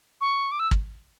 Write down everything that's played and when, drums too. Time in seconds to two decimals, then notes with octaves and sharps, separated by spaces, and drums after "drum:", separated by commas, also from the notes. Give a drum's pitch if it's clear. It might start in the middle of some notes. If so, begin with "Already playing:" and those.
0.21 C#6
0.52 D6
0.60 E6
0.71 drum: kick